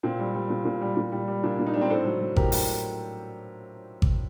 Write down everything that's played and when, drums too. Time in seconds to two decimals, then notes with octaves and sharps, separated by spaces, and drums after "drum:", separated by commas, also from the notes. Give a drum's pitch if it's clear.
0.03 A#2 C4
0.19 G3
0.35 G3
0.50 A#2
0.65 A#2
0.81 G3
0.97 A#2
1.12 G3
1.28 G3
1.43 A#2 A#3 D4
1.59 A#2
1.67 D#4
1.74 G3 D4
1.81 C4 D#4
1.90 A2 A4 C5
2.05 F#3
2.21 F#3
2.36 A2 G4 A#4, drum: kick G#1
2.52 A2, drum: open hi-hat
4.02 drum: kick G#1